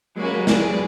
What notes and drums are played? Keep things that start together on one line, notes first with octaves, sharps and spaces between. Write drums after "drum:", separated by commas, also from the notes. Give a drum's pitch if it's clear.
F#3 G#3 A#3 C#4 F#4 B4
F#3 G#3
G#4 B4 D5, drum: snare